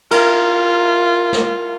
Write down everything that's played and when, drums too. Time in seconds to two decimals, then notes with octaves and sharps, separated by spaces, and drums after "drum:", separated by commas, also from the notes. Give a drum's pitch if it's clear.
0.11 F4 A#4 A#5, drum: cymbal
1.33 drum: snare